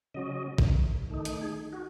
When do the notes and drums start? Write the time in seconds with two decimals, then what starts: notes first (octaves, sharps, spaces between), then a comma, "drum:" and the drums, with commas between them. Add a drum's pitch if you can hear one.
0.14 C#3 F#3 C#4 D#5
0.58 drum: kick
1.10 D#3 A3 D#4
1.25 drum: hi-hat
1.41 G#4
1.73 F#4